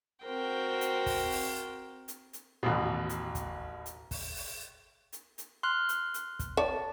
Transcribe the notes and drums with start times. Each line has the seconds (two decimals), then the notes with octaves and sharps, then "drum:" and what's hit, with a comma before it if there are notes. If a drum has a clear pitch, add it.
0.25 C4 F#4 A#4 C5 G5
0.81 drum: hi-hat
1.06 drum: kick, open hi-hat
1.32 drum: open hi-hat
2.08 drum: hi-hat
2.33 drum: hi-hat
2.63 A1 D#2 B2
3.09 drum: hi-hat
3.35 drum: kick, hi-hat
3.86 drum: hi-hat
4.11 drum: kick, open hi-hat
4.36 drum: open hi-hat
5.13 drum: hi-hat
5.38 drum: hi-hat
5.63 C6 F6 F#6
5.89 drum: hi-hat
6.14 drum: hi-hat
6.40 drum: kick, hi-hat
6.57 C#5 D5 A5